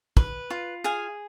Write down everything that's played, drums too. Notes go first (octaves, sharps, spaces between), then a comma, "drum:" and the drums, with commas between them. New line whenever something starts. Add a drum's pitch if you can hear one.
B4, drum: kick
F4
G#4 F5 G#5